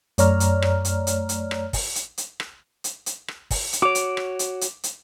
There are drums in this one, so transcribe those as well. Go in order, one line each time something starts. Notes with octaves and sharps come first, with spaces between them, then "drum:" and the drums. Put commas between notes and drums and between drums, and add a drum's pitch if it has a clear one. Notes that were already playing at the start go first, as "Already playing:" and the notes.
F#2 A3 C#5 D5 A#5 F6, drum: hi-hat
drum: hi-hat
drum: rim click
drum: hi-hat
drum: hi-hat
drum: hi-hat
drum: rim click
drum: kick, open hi-hat
drum: hi-hat
drum: hi-hat
drum: rim click
drum: hi-hat
drum: hi-hat
drum: rim click
drum: kick, open hi-hat
drum: hi-hat
F#4 C#5 D6
drum: hi-hat
drum: rim click
drum: hi-hat
drum: hi-hat
drum: hi-hat